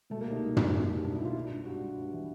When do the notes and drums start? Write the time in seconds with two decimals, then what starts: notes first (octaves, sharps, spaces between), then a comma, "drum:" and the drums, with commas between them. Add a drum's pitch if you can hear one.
0.10 B2 A3
0.21 A#3
0.26 C2 D#4
0.42 B2
0.57 B2, drum: tom
0.72 C2
0.89 C2
1.04 B2 D4
1.15 E4
1.19 C2
1.25 F4
1.34 G2
1.51 G2
1.65 G2 F#4
1.81 G2
1.98 G2
2.13 E3